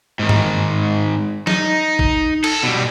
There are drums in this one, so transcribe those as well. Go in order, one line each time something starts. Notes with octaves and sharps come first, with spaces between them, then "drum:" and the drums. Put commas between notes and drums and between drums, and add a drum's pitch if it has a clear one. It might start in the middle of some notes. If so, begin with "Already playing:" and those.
G#2 D#3
drum: tom G2
D#4, drum: snare
drum: kick
A4, drum: cymbal
B2 G3